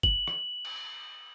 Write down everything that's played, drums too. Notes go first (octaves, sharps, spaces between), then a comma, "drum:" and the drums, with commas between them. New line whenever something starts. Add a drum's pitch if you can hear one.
F#7, drum: kick
drum: rim click
drum: cymbal